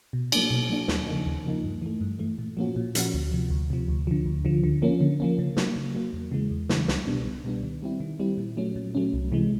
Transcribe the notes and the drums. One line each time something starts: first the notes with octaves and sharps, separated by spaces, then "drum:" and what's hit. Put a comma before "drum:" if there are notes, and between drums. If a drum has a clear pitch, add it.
B2
F#3 A#3 D4, drum: cymbal
B2
F#3 A#3 D4
D#2, drum: snare
C#3 F3 A#3 D#4
D#2
C#3 F3 A#3 D#4
G2
E3 A3
G2
E3 A3
A#2
F3 A#3 C#4 F#4
A#2
F3 A#3 C#4 F#4, drum: hi-hat
D2
C3 F3
D2
C3 F3
D2
D3 F3
D2
D3 F3
D3
F3 A#3 C#4
D3
F3 A#3 C#4
C#3
F#3 A#3, drum: snare
C#3
F#3 A#3
E2
C#3 E3 G#3
E2
C#3 E3 G#3, drum: snare
C#2, drum: snare
B2 G3 B3 D4
C#2
B2 G3 B3 D4
D#3
G3 C4 E4
D#3
G3 C4 E4
A#2
F#3 A3 C#4
A#2
F#3 A3 C#4
C2
C3 E3 G#3